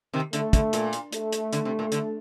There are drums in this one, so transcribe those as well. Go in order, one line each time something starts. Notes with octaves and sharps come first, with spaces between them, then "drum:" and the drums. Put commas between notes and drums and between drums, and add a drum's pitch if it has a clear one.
C3 D#3
D3 A3, drum: hi-hat
D3, drum: kick, hi-hat
A#2, drum: hi-hat
drum: hi-hat
A3, drum: hi-hat
drum: hi-hat
D3, drum: hi-hat
C3
A#2
D3, drum: hi-hat